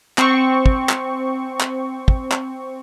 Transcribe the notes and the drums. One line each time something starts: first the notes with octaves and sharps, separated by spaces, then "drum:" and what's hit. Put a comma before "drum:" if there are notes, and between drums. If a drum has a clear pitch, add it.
C4 C#6, drum: clap
drum: kick
drum: clap
drum: clap
drum: kick
drum: clap